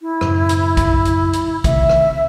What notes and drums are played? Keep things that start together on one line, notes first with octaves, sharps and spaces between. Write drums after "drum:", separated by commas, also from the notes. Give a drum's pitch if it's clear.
E4
F#2 A2 C#3, drum: rim click
drum: hi-hat
drum: kick, hi-hat
drum: hi-hat
drum: hi-hat
C3 D#3 A3 E5, drum: kick, hi-hat
drum: rim click